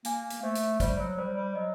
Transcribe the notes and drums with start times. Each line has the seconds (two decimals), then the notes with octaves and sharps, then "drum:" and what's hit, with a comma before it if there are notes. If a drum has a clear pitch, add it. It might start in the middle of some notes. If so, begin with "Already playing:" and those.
0.05 A#3 G#5, drum: hi-hat
0.30 drum: hi-hat
0.42 A3 C5
0.55 drum: hi-hat
0.80 G3 C5, drum: kick, hi-hat
0.99 F#3
1.17 G3 C5
1.36 G3
1.55 F#3 D#5